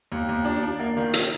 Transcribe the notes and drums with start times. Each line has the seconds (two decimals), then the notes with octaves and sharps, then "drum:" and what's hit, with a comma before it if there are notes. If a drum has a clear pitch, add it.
0.12 D#2
0.29 D#2
0.45 D4
0.63 D4
0.80 A#3
0.97 D#3
1.14 drum: hi-hat